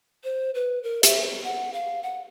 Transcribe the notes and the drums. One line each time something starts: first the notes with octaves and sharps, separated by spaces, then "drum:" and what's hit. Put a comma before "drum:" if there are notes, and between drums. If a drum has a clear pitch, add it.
C5
B4
A#4
E5, drum: hi-hat
F#5
F5
F#5